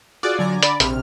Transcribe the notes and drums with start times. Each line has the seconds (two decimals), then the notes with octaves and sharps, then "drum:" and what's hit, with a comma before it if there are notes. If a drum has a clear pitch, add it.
0.23 F4 F#4 G#4 D5 F#6
0.39 D3 F#3 G#5 A#5
0.63 D5 B5, drum: hi-hat
0.80 A#1 C3 F6, drum: hi-hat